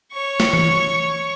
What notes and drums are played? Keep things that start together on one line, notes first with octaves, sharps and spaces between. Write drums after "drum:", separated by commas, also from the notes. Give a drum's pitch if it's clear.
C#5 C#6
drum: snare
drum: tom E3